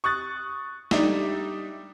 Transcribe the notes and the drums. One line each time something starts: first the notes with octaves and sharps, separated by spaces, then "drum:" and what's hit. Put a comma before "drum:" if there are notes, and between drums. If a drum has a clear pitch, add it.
C#6 D#6 F#6 A6
G3 D4 D#4 E5, drum: snare